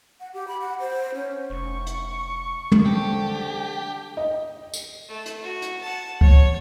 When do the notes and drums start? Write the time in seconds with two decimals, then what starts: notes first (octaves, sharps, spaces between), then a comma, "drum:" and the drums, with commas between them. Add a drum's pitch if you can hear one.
0.20 F#5
0.34 G4
0.48 B5
0.61 F#5
0.80 C5
1.15 C#4
1.50 F1 C#6
1.87 drum: hi-hat
2.72 drum: tom
2.86 D3 F3 G4 A5
4.17 D#5
4.74 drum: tambourine
5.09 A3
5.26 drum: hi-hat
5.42 F#4
5.62 drum: hi-hat
5.81 F#5 A5
6.21 C#5, drum: kick C#2